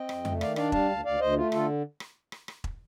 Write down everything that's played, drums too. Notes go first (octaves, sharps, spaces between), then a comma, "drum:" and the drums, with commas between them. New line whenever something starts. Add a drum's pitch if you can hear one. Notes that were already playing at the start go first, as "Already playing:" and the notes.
Already playing: C4 D#5 G5
F2, drum: rim click
A3, drum: tom F2
D#3 D5 F5, drum: rim click
D4 D5 F5, drum: rim click
G3 F5 A5, drum: kick E1
D2
D2 D5 F5
D2 C5 D#5
A3 F4
D3 F4 A4, drum: rim click
drum: rim click
drum: rim click
drum: rim click
drum: kick E1